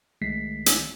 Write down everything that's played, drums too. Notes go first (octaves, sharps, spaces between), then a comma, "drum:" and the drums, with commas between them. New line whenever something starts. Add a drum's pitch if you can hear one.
C2 D#3 G#3 A3 B6 C7
drum: hi-hat